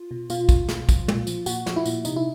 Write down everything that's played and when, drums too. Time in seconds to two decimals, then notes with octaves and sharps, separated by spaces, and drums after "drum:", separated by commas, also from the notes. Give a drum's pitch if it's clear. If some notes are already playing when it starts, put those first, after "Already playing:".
Already playing: F4
0.11 B2
0.30 B2 F4, drum: tambourine
0.49 B2, drum: kick, tambourine
0.69 B2, drum: snare
0.89 F3, drum: kick, tambourine
1.08 A#2, drum: tom
1.27 F3, drum: tambourine
1.46 A#2 F#4, drum: tambourine
1.66 F3, drum: snare
1.76 E4
1.86 A#2, drum: tambourine
2.05 C3 D#4, drum: tambourine
2.16 E4